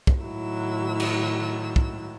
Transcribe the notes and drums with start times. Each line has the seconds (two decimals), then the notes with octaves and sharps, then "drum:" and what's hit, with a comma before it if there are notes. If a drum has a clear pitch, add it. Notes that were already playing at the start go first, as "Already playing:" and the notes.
0.07 drum: kick
0.21 A2 D#3 F#3 E4 E6
1.00 drum: cymbal
1.76 drum: kick